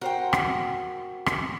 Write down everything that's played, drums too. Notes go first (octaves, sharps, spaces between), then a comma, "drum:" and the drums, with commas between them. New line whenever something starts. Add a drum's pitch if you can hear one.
F#4 A#4 C5 G5
drum: rim click
drum: rim click